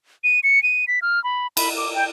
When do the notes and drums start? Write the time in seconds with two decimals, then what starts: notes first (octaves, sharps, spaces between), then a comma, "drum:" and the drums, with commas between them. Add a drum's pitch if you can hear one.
0.24 D#7
0.43 C#7
0.63 D#7
0.88 B6
1.02 F6
1.24 B5
1.57 B5, drum: cymbal
1.78 D6
1.95 G5